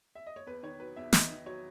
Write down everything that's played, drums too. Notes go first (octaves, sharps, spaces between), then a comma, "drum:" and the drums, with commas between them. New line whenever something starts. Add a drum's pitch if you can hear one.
E5
D#5
C#5
E2 B4
D#3 C#5
F#3 B4
E2 E5
E2 D#5, drum: snare
D#3
F#3 C#5